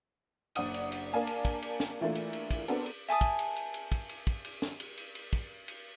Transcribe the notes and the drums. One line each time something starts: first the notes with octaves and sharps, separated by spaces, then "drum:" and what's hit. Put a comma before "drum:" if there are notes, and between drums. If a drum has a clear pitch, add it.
F#1 D4 D5 F#5 D#6 D#7, drum: cymbal
drum: cymbal
drum: cymbal
A#3 D4 D5 F5 G#5 A5
drum: cymbal
drum: kick, cymbal
drum: cymbal
drum: snare
E3 A3 A#3 D4 F4
drum: cymbal
drum: cymbal
drum: kick, cymbal
B3 C4 D4 F#4 A4 A#4, drum: cymbal
drum: cymbal
E5 G#5 A5 D#6
drum: kick, cymbal
drum: cymbal
drum: cymbal
drum: cymbal
drum: kick, cymbal
drum: cymbal
drum: kick, cymbal
drum: cymbal
drum: snare
drum: cymbal
drum: cymbal
drum: cymbal
drum: kick, cymbal
drum: cymbal